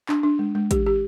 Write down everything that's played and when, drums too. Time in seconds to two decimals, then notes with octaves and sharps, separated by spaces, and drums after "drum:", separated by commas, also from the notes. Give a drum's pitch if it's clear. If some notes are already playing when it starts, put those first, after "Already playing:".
0.09 D4, drum: clap
0.23 D4
0.39 G#3
0.55 G#3
0.71 G4, drum: kick, hi-hat
0.86 G4